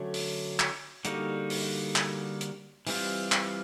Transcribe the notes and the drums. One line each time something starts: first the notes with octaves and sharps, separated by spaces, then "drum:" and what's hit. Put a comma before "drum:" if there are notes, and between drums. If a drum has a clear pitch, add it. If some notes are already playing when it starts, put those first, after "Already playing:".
Already playing: D3 F#3 A3 C#4
drum: open hi-hat
drum: clap
D3 G3 A#3 D#4 F#4, drum: hi-hat
drum: open hi-hat
drum: clap
drum: hi-hat
E3 G3 C4 F4, drum: open hi-hat
drum: clap